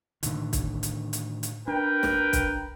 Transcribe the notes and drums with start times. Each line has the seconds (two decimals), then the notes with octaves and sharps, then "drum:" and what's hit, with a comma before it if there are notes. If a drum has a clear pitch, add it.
0.23 A2 D3 D#3, drum: hi-hat
0.53 drum: kick, hi-hat
0.83 drum: hi-hat
1.13 drum: hi-hat
1.43 drum: hi-hat
1.68 D4 A#4 B4 G5
2.03 drum: snare
2.33 drum: kick, hi-hat